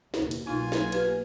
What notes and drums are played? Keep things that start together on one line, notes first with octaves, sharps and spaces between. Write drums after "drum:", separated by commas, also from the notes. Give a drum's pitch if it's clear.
F#1 D#2 B2, drum: snare
drum: cymbal
B1 B2 A#3 D#4 F4 G#5
drum: snare
G4 B4, drum: cymbal